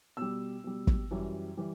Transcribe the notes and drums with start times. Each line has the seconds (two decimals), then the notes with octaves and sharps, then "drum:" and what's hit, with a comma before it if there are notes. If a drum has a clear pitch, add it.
0.17 B2 G3 E6
0.64 B2 G3
0.87 drum: kick
1.11 F#2 E3 G3
1.57 E3 G3